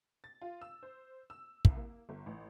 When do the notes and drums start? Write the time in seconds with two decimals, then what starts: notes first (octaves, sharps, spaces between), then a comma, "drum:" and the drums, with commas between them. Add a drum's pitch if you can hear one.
0.24 A6
0.42 F4
0.61 E6
0.83 C5
1.30 E6
1.65 C2, drum: kick
1.77 A#3
2.09 G1
2.26 A1